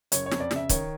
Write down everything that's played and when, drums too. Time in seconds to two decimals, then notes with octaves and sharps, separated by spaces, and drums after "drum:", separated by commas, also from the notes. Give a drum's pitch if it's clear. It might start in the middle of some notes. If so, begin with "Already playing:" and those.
0.12 F#1 C#5, drum: hi-hat
0.26 C#5
0.31 F2, drum: snare
0.40 D5
0.51 C#3, drum: snare
0.56 E5
0.69 D#3 C#5, drum: kick, hi-hat